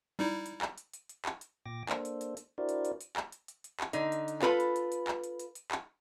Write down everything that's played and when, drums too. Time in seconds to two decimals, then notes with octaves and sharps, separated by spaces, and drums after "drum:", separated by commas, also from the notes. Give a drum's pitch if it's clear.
0.19 G3 D#4 E4
0.46 drum: hi-hat
0.62 drum: clap
0.78 drum: hi-hat
0.94 drum: hi-hat
1.09 drum: hi-hat
1.25 drum: clap
1.41 drum: hi-hat
1.66 A#2 G5 D6 A#6
1.89 A#3 D4 A4 C5, drum: clap
2.05 drum: hi-hat
2.21 drum: hi-hat
2.37 drum: hi-hat
2.58 D4 E4 F#4 A#4 C5 D5
2.69 drum: hi-hat
2.85 drum: hi-hat
3.01 drum: hi-hat
3.17 drum: clap
3.32 drum: hi-hat
3.48 drum: hi-hat
3.64 drum: hi-hat
3.80 drum: clap
3.93 D3 D#4, drum: hi-hat
4.12 drum: hi-hat
4.28 drum: hi-hat
4.42 F4 A4 B4, drum: clap
4.60 drum: hi-hat
4.76 drum: hi-hat
4.92 drum: hi-hat
5.08 drum: clap
5.24 drum: hi-hat
5.39 drum: hi-hat
5.55 drum: hi-hat
5.71 drum: clap